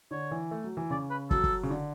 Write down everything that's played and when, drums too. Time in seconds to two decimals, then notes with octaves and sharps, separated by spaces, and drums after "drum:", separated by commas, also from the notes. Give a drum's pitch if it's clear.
0.11 D3 C#5
0.31 E3
0.51 A3
0.64 F#3
0.77 E3
0.90 C#3 D5
1.10 B4
1.31 F#3 A4, drum: kick
1.44 drum: kick
1.63 C#3
1.70 D3